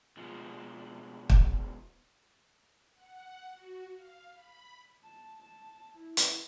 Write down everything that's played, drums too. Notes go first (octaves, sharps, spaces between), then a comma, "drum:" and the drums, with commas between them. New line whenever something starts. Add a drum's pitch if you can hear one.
B2 F3 G#3
drum: kick
F#5
F#4
F5
B5
A5
A5
E4
drum: hi-hat